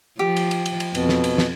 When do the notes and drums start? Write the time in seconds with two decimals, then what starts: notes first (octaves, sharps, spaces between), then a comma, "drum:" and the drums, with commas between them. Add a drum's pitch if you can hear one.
0.19 F3 G4
0.36 drum: cymbal
0.51 drum: cymbal
0.66 drum: cymbal
0.80 drum: cymbal
0.95 F2 B2, drum: cymbal
1.09 drum: snare
1.24 drum: cymbal
1.38 drum: snare